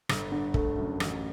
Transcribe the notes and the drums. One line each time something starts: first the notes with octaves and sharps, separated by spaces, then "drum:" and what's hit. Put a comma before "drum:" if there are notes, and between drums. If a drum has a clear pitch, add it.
G1, drum: rim click
D3
A3, drum: kick
F#2
A1, drum: rim click